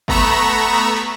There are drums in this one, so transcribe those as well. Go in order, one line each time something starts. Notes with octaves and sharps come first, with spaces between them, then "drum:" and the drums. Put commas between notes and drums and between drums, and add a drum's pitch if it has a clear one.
A3 B3 A#5 B5 C#6 E7, drum: kick
drum: clap